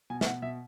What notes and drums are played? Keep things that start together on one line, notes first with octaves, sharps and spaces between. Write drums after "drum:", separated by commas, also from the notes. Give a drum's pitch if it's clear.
B2 G#5
E5, drum: snare
B2 F#5
B2 E5